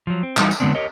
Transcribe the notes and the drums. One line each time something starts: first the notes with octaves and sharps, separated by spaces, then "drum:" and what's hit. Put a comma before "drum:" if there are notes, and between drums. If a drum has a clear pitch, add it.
F3 F#3
C4
E3 F#3 G3 C4 D#4 F#4, drum: clap
drum: tambourine
D3 F#3 G#3 B3 C4 D4
G4 A#4 C#5 D#5